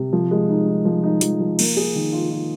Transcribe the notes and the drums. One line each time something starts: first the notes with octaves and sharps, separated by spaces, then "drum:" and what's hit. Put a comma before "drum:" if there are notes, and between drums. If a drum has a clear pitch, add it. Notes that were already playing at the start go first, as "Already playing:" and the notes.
Already playing: C3
F3
G#3
D#4
D#4
F3
D#4
F3, drum: hi-hat
F3
A#3, drum: cymbal
G#4
D#3
F4
F4